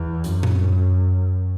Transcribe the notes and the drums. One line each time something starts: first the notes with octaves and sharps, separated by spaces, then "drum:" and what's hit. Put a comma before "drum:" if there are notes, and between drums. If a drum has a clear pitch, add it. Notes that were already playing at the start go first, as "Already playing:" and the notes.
Already playing: E2
F#2, drum: hi-hat
drum: tom A2